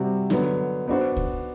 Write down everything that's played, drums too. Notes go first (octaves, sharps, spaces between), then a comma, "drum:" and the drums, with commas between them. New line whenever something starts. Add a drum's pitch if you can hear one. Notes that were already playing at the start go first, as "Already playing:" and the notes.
Already playing: C3 G3 C4 F#4
D3 F#3 B3, drum: snare
B3 D4 F#4 C5
drum: kick C#2